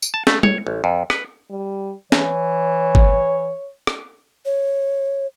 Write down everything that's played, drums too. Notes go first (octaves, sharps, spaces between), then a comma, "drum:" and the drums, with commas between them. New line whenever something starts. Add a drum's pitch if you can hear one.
drum: tambourine
A5
A3, drum: snare
C#5, drum: tom
A1
F2
B4, drum: rim click
G3
E3 C#5, drum: snare
drum: kick G1
drum: rim click
C#5